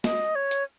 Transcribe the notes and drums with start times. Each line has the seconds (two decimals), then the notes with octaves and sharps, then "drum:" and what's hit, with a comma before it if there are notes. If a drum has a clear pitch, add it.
0.04 D#5, drum: snare
0.35 C#5
0.51 drum: hi-hat